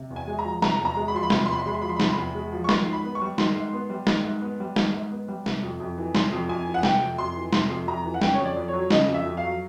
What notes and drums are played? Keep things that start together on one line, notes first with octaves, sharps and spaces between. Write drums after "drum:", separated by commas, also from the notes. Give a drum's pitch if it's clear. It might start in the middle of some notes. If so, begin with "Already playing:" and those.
Already playing: C3
E2
G#5
G#3
A#5
F3
C3 A#5, drum: snare
E2
A#5
G#3
B5
F3 C6
B5
C3 C6, drum: snare
B5
C6
E2 B5
C6
G#3 B5
C6
F3 B5
C6
B5
C3, drum: snare
C6
E2 B5
G#3
F3
C#6
D#3 C6, drum: snare
G#2
B5
B3
C#6
G3
D#3 C6, drum: snare
G#2
B3
G3
D#3, drum: snare
G#2
B3
G3
D#3, drum: snare
G#2
B3
G3
C3, drum: snare
F2
F2
E3
C3 C6, drum: snare
F2
F2 G#5
E3
F#5
C3 G5, drum: snare
F2
F2 C6
E3
C3 C6, drum: snare
F2
F2 A#5
E3
F#5
C#3 G5, drum: snare
C#5
F2
D5
F2
C#5
F#3
C#3 D#5, drum: snare
F2
E5
F2
F5
F#3